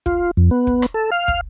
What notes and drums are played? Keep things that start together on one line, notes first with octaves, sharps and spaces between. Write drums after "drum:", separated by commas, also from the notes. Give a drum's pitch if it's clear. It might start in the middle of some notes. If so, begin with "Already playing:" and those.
F4, drum: kick
F2
B3
drum: kick
drum: rim click
A4
F5
drum: kick